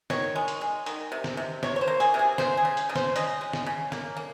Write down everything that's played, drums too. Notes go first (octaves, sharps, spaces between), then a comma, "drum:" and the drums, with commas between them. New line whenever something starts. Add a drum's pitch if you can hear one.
D#3 C#5, drum: snare
G#3
drum: hi-hat
G#3
D#3, drum: hi-hat
C3
drum: snare
C3
C3 C#5, drum: snare
C#5
C5
A#3
G#4, drum: hi-hat
C3
G#4
C#3 C5, drum: snare
G#4
C#3
drum: hi-hat
C#3
C5, drum: snare
C#3 D#5, drum: hi-hat
G#3
drum: snare
C#3
A#3, drum: snare
A#3